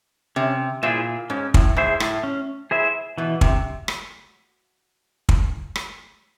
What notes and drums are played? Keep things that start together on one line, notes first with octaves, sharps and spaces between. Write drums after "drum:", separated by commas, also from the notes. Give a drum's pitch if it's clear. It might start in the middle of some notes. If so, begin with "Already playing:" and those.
C3 C#4
A#2 E4 G#4 C5 E5
G#2 C#4
A2, drum: kick
G#2 E4 G#4 C5 E5
A2, drum: rim click
C#4
E4 G#4 C5 E5
B2 E3
C3, drum: kick
drum: rim click
drum: kick
drum: rim click